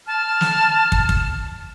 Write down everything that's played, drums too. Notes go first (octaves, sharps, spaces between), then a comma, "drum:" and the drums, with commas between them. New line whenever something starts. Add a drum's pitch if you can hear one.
A5 F6
drum: snare
drum: kick
drum: kick